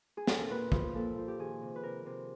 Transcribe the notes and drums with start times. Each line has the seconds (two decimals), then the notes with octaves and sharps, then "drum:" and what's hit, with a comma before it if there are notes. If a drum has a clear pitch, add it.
0.17 G#4
0.27 A4, drum: snare
0.40 A#4
0.50 A#2 B4
0.72 F3, drum: kick
0.95 A#2 A4
1.18 F3
1.28 G4
1.39 D#3 G#4
1.62 C3
1.76 B4
1.83 C3 A#4
2.06 C3